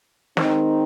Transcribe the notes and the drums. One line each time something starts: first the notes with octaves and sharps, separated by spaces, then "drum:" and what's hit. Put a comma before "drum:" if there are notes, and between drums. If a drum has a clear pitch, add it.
D#3 G#3 C4 D#4, drum: snare